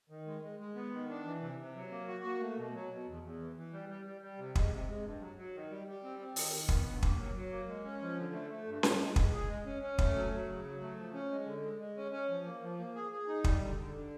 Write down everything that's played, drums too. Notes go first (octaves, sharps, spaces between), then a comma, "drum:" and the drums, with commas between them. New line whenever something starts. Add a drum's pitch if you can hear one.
D#3
G#3
G#3
G#3
B3
D#3
D4
E3
C3
C3
F#3
A#3
F#4
A#3
A3
B2
F#3
B2
E2
E2
E3
E3
G3
G3
G3
G3
C3
G#3, drum: kick
C3
G#3
G2
F#3
F#3
D#3
G3
G3
C4
C4
D#3, drum: open hi-hat
D#3
B3, drum: kick
G2
A#3, drum: kick
F#3
F#3
A#3
G#3
C#4
F3
D3
A3
A3
G2
G2, drum: snare C#4
G#3
G#3, drum: kick
G#4
G#3
C#4
C#4
A3, drum: kick
F#3
F#3
C#3
F#3
A3
F3
C#4
G#3
D3
G#3
G#3
C#4
C#4
F3
A#3
F3
A#3
G#4
G#4
D#4
G3, drum: kick
D3
D3
D3